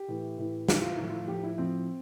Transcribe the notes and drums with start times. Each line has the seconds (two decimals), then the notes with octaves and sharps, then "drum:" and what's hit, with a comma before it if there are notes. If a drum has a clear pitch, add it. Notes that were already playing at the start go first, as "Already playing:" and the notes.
Already playing: G4
0.08 A2 E3
0.38 A2 E3
0.68 A2 E3 G4, drum: snare
0.82 F4
0.96 A2 F3 E4
1.09 F4
1.28 A2 F3 G4
1.43 E4
1.58 A2 F3 C4